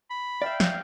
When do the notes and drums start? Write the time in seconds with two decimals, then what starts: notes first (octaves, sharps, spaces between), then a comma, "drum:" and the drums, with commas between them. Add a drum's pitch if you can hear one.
0.10 B5
0.42 D5 E5 F5 G5
0.60 drum: snare